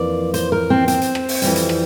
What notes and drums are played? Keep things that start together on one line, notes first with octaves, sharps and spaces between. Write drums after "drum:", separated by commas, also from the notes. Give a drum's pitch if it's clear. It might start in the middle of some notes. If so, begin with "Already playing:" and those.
Already playing: F2 E3 A#3 D5
C5, drum: hi-hat
A#4
C4
C4, drum: hi-hat
drum: hi-hat
drum: rim click
drum: open hi-hat
F2 E3 G3, drum: hi-hat
drum: hi-hat
drum: rim click